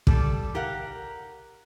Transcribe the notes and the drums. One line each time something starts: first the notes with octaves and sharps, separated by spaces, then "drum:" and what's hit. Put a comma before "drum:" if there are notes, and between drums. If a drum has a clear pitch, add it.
G3 A4, drum: kick
G4 A#4 F5 F#5